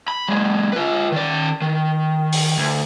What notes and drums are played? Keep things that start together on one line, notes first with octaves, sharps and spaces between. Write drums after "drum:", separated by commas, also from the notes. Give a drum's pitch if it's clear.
B5
F#3 G#3
F4 B4
D#3 D5
D#3
drum: open hi-hat
D2